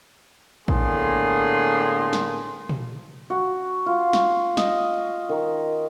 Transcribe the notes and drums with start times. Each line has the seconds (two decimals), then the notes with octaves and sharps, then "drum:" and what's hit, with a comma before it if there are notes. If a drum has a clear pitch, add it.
0.68 A2 D3 A#3 B3 G#4 C6, drum: kick A#1
2.13 drum: snare
2.69 drum: tom A#2
3.30 F#4
3.86 F4
4.13 C#6, drum: snare
4.57 D#5, drum: snare
5.29 D#3